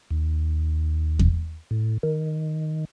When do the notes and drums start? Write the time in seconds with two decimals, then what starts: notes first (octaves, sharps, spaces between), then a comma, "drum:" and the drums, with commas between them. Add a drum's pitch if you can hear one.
0.11 D#2
1.19 drum: kick E2
1.71 A2
2.03 D#3